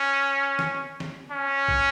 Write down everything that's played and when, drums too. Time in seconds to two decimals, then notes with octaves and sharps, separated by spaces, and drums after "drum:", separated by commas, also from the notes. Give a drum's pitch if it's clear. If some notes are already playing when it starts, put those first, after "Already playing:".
Already playing: C#4
0.59 drum: snare
1.00 drum: snare
1.31 C#4
1.68 drum: kick